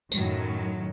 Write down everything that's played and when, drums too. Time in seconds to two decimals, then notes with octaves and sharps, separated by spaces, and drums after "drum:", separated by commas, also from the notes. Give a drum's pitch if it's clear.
0.12 F#2 A2 D#3 F#3, drum: tambourine